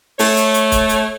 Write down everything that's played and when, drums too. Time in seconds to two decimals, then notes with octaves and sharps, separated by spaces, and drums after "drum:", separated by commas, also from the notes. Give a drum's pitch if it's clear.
0.19 A3 C#5, drum: open hi-hat
0.37 drum: hi-hat
0.54 drum: hi-hat
0.72 drum: kick C#1, hi-hat
0.89 drum: hi-hat